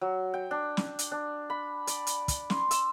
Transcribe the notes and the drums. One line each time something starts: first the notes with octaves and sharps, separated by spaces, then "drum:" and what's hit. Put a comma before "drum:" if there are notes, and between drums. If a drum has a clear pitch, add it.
F#3
G5
D4
drum: snare
drum: hi-hat
D4
B5
D5, drum: hi-hat
drum: hi-hat
drum: kick, hi-hat
C6, drum: snare
E6, drum: hi-hat